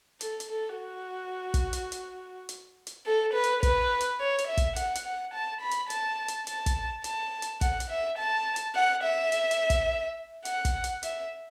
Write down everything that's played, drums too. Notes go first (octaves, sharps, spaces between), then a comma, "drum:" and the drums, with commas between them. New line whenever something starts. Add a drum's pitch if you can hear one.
A4, drum: hi-hat
drum: hi-hat
A4
F#4
drum: kick, hi-hat
drum: hi-hat
drum: hi-hat
drum: hi-hat
drum: hi-hat
A4
B4
drum: hi-hat
B4, drum: kick, hi-hat
drum: hi-hat
C#5
drum: hi-hat
E5
drum: kick, hi-hat
F#5, drum: hi-hat
drum: hi-hat
F#5
A5
B5
drum: hi-hat
A5, drum: hi-hat
drum: hi-hat
A5, drum: hi-hat
drum: kick, hi-hat
A5, drum: hi-hat
drum: hi-hat
F#5, drum: kick, hi-hat
drum: hi-hat
E5
A5
drum: hi-hat
F#5
E5
drum: hi-hat
drum: hi-hat
drum: kick, hi-hat
F#5, drum: hi-hat
drum: kick, hi-hat
drum: hi-hat
E5, drum: hi-hat